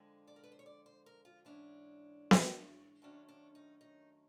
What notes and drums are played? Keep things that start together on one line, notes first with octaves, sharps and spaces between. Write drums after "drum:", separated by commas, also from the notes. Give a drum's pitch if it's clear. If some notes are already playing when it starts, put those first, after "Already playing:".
Already playing: F2 D3 F3 G#3
D5
A#4
B4
C5
C#5
D5
C5
A#4
F4
G#2 E3 G#3 C#4 D4
drum: snare B3
F#2 D#3 F#3 A3 C#4 D4
D4
D#4
D#4